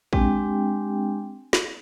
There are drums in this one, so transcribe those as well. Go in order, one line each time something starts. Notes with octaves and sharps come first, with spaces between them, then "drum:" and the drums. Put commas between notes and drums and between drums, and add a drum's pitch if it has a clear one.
G#3 C4 D4 G4 G5, drum: kick
drum: snare